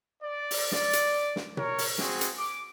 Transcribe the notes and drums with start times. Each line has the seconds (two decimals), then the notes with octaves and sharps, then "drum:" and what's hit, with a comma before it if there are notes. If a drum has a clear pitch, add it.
0.22 D5
0.51 drum: open hi-hat
0.72 D5, drum: snare
0.93 drum: hi-hat
1.36 drum: snare
1.57 A#4 C#5, drum: tom B2
1.78 drum: open hi-hat
1.98 C4 F#4 G#4, drum: snare
2.21 drum: hi-hat
2.38 D6